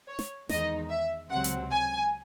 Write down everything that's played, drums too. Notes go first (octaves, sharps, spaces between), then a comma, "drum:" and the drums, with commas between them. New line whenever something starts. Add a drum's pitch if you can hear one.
C#5
drum: snare
E2 D#3 G#3 D#4 D#5, drum: snare
E5
C#2 C3 F#3 C4 F#5
drum: hi-hat
G#5